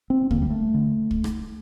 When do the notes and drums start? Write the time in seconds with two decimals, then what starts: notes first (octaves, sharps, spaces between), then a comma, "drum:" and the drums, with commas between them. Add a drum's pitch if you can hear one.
0.10 C4
0.31 D#2 D3 A#3, drum: kick
0.42 G3
0.50 A3
0.74 D3
1.11 drum: kick
1.24 drum: rim click